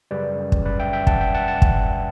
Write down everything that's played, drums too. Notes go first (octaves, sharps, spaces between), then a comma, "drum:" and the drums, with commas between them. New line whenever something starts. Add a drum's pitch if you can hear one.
F#2 C#3 G3 B4 D5
drum: kick
B4 D5
E5 G5
E5 G5
F#5 A5, drum: kick
E5 G5
F#5 A5
F#5 A5
drum: kick